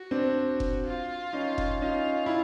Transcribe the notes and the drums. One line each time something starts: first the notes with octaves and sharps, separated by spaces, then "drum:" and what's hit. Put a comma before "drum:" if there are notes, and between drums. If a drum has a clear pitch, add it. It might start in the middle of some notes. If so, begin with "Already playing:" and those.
Already playing: F#4
C4 D4
drum: kick F1
F4
C#4 D#4
drum: kick F1
C#4 D#4 F4
E4